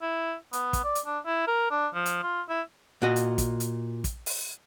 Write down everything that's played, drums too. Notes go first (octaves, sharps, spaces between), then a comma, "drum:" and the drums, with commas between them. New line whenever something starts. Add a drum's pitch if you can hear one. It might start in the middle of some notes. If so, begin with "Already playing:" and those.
E4
B3, drum: hi-hat
drum: kick, hi-hat
D5
drum: hi-hat
D4
E4
A#4
D4
F3
drum: hi-hat
F4
E4
A#2 F#4 D#5
drum: hi-hat
drum: kick, hi-hat
drum: hi-hat
drum: kick, hi-hat
drum: open hi-hat